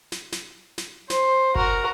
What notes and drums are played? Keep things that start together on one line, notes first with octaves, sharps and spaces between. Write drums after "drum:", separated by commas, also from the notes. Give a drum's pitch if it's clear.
drum: snare
drum: snare
drum: snare
C5, drum: snare
F#4 A#4, drum: kick G1